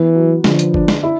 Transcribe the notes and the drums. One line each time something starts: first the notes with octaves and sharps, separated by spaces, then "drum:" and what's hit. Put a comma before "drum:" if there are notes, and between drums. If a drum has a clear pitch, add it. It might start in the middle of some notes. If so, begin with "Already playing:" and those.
Already playing: E3 B3
F#3
D3 F3, drum: snare
drum: hi-hat
D4, drum: kick G1
drum: snare
E4